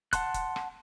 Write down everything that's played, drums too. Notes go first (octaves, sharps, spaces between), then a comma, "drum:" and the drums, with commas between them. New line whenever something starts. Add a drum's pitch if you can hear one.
F#5 A5 C6 F#6, drum: kick, hi-hat
drum: kick, hi-hat
drum: rim click